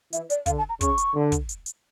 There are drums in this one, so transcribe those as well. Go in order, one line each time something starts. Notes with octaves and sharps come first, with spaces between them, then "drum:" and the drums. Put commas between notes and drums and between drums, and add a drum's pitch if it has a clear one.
E3 E5, drum: hi-hat
D5, drum: hi-hat
D3 F5, drum: kick, hi-hat
A5
A#5
C#3 C#6, drum: kick, hi-hat
drum: hi-hat
D3
drum: kick, hi-hat
drum: hi-hat
drum: hi-hat